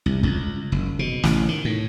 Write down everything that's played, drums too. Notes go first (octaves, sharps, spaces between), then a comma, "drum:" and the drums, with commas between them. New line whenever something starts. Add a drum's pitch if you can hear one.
C2
C#2, drum: kick
F#1
B2
A1, drum: snare
D#3
A2